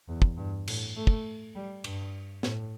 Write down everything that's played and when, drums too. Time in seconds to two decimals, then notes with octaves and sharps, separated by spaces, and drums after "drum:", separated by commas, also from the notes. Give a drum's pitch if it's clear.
0.08 E2
0.22 drum: kick
0.37 G2
0.68 A2, drum: cymbal
0.96 A3
1.07 drum: kick
1.55 G3
1.84 G2, drum: cymbal
2.43 A2, drum: snare